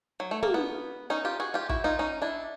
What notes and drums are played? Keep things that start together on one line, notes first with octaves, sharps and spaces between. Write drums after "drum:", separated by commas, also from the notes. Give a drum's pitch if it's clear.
F#3
A3
A#3, drum: tom
B3
C#4 D#4
F4 G4
F#4 G#4
F4 G4
E4 F#4, drum: kick
D#4 F4
C#4 D#4
D4 E4